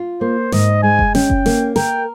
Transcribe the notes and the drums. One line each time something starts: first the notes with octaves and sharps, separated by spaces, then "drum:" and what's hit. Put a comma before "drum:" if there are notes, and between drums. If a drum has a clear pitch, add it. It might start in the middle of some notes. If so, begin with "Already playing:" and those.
Already playing: F4
A#3 C5
G#2 D#5, drum: snare
G#3 G#5
drum: kick F#1
C#4 G5, drum: snare
drum: kick F#1
A#3, drum: snare
A#4 G5, drum: snare